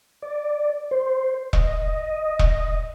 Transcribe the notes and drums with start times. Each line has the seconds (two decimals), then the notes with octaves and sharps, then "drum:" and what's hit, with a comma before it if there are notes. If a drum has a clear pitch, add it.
0.22 D5
0.91 C5
1.53 D#5, drum: kick E1
2.39 drum: kick E1